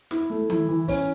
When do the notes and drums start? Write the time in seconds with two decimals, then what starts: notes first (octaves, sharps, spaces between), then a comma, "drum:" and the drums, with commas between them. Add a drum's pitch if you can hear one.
0.11 E4, drum: snare
0.30 A3
0.50 E4, drum: tom D#3
0.68 E3
0.88 C#4, drum: kick, open hi-hat